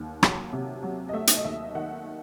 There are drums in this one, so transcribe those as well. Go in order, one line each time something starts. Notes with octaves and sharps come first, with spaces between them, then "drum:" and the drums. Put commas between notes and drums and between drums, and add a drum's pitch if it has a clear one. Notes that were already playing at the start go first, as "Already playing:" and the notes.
Already playing: D#2
F#3, drum: rim click
C3
F#3
D#5
A3 E5
drum: hi-hat
D#5
D#2 E5
D#3 F#5